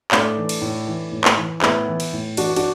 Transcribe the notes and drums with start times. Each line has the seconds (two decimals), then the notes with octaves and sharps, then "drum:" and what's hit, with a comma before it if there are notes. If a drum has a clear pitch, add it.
0.11 A2 A3 D4, drum: clap
0.37 E3
0.49 drum: cymbal
0.61 A2
0.87 E3
1.12 A2
1.24 drum: clap
1.37 E3
1.62 A2 B3 E4, drum: clap
1.87 E3
2.00 drum: cymbal
2.13 A2
2.37 E3 D4 F#4, drum: cymbal
2.56 D4 F#4, drum: cymbal